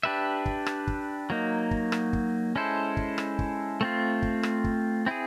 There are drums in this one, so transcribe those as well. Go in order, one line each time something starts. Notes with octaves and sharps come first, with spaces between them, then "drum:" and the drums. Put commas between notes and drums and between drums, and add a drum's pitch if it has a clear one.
D4 G4 B4 E5
drum: kick
drum: rim click
drum: kick
F#3 A#3 D#4
drum: kick
drum: rim click
drum: kick
G#3 C#4 E4 A4 C5
drum: kick
drum: rim click
drum: kick
A3 C4 F4
drum: kick
drum: rim click
drum: kick
C4 E4 G#4